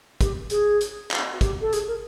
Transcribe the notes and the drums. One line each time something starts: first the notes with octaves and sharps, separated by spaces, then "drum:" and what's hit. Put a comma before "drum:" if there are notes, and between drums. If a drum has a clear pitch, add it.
G4, drum: kick, hi-hat
G#4, drum: hi-hat
drum: hi-hat
drum: clap
F#4
G4, drum: kick, hi-hat
A4
G#4, drum: hi-hat
A#4